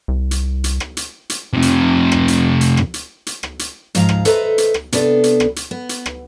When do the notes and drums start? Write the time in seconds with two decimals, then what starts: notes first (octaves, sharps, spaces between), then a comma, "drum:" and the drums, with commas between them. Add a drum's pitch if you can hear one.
0.08 C2
0.31 drum: hi-hat
0.64 drum: hi-hat
0.80 drum: rim click
0.97 drum: hi-hat
1.30 drum: hi-hat
1.53 F2 C3
1.62 drum: hi-hat
2.12 drum: rim click
2.28 drum: hi-hat
2.61 drum: hi-hat
2.77 drum: rim click
2.94 drum: hi-hat
3.27 drum: hi-hat
3.43 drum: rim click
3.59 drum: hi-hat
3.95 G#2 F3 F5 A#5, drum: hi-hat
4.09 drum: rim click
4.25 A4 B4 C5 D#5 E5 A#5, drum: hi-hat
4.58 drum: hi-hat
4.74 drum: rim click
4.92 C3 B3 D4 A4, drum: hi-hat
5.24 drum: hi-hat
5.40 drum: rim click
5.56 drum: hi-hat
5.71 B3
5.89 drum: hi-hat
6.06 drum: rim click